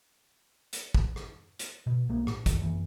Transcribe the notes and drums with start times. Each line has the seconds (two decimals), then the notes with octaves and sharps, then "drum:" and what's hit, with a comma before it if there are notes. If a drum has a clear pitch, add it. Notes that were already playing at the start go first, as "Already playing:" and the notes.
0.73 drum: hi-hat
0.94 drum: kick
1.16 drum: rim click
1.59 drum: hi-hat
1.87 B2
2.09 B1 A3 A#3
2.27 A2, drum: rim click
2.46 C2 F2 D#3, drum: kick, hi-hat
2.62 F#2 E3